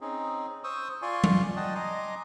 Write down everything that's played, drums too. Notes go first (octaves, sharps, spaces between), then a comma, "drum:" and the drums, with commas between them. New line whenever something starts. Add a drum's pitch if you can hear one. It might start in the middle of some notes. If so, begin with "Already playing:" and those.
C4 C#4 D#4 G#4
C5 C#6 D#6 E6
F4 D5 G#5 C6 C#6
drum: tom F#3
D5 D#5 F#5 G5 A5 D#6
D#5 G#5 A#5 C6 D6